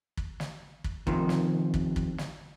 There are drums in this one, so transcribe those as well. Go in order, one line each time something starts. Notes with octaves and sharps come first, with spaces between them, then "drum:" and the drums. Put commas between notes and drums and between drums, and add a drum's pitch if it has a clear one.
drum: kick
drum: snare
drum: kick
C3 D#3 F3, drum: kick
drum: snare
drum: kick
drum: kick
drum: snare